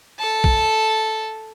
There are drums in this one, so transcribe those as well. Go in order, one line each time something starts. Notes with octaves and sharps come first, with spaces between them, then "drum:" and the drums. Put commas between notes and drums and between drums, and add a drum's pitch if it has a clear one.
A4 A5
drum: kick